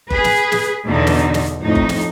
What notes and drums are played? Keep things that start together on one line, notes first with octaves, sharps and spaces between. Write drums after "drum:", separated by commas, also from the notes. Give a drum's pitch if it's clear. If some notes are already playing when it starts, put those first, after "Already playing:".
G#4 B4, drum: kick F#1
drum: snare
drum: snare
E2 B2 D3 D#4
drum: snare
drum: snare
F2 A2 D#4
drum: kick F#1
drum: snare